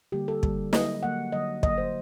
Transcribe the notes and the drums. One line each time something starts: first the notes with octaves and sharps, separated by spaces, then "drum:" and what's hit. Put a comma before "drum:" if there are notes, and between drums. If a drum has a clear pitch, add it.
D3 G3 A#3 G4
A4
D3 G3 A#3, drum: kick
D3 F#3 A#3 D#5, drum: snare
D3 F#3 A#3 F#5
D3 F#3 A#3 D#5
D3 F#3 A#3 D#5, drum: kick
C5